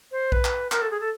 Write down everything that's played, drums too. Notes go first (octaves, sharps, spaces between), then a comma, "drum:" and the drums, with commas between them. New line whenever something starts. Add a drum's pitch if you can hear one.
C5
B4, drum: kick
drum: clap
A#4, drum: clap
A4
G#4
A4